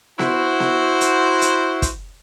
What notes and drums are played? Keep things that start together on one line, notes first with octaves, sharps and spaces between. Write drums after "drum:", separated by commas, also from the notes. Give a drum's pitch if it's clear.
E4 F#4 C5, drum: snare B3
drum: snare B3
drum: hi-hat
drum: hi-hat
drum: kick, hi-hat